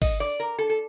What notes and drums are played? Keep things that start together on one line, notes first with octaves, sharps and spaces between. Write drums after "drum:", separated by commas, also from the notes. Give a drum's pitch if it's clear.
D#5, drum: kick, open hi-hat
D5
A#4
A4
A4